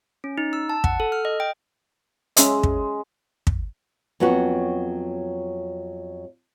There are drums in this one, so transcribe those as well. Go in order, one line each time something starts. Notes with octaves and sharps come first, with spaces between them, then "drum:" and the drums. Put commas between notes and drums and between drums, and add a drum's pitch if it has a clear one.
C#4
D#4
E6
A5
F#5, drum: kick
A4
F6
D#5
G5
G#3 C#4 E5, drum: hi-hat
drum: kick
drum: kick
F2 F#3 B3 C#4 F#4